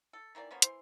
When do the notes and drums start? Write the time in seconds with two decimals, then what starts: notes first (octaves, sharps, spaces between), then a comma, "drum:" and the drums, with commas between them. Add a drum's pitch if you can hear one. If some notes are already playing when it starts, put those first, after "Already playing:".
0.13 A4
0.35 D#3 E3 A#3 D5
0.51 F3 A#3 B3 C#4
0.62 E3 C5 C6, drum: hi-hat